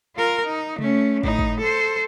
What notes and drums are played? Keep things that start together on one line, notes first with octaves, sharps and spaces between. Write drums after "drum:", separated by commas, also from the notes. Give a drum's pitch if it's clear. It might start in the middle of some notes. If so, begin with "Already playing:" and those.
F4 A#4
D#4
A3 C#4, drum: tom C3
A2 D#4, drum: kick
drum: kick
A4 C5